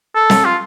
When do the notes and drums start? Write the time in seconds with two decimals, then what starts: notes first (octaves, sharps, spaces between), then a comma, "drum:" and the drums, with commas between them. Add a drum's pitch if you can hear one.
0.15 A4
0.30 drum: snare
0.45 F4